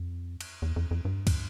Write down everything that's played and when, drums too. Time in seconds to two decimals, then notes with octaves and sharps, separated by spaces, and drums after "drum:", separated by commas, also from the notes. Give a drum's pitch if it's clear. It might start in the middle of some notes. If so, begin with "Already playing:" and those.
Already playing: F2
0.41 drum: cymbal
0.62 E2
0.76 F2
0.91 F2
1.05 G2
1.27 drum: kick, cymbal